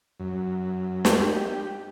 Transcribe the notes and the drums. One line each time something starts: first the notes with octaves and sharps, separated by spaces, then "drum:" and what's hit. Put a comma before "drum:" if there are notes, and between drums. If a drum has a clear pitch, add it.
F#2
G4, drum: snare